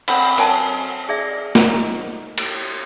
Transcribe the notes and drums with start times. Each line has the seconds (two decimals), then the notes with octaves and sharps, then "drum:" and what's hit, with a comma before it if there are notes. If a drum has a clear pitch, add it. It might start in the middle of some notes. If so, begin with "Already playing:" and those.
0.08 C4 F#5 B5, drum: cymbal
0.38 F#3 C4 A#4 G#5 A5, drum: hi-hat
1.09 G#4 D5 E5
1.55 D#4, drum: snare
2.38 drum: cymbal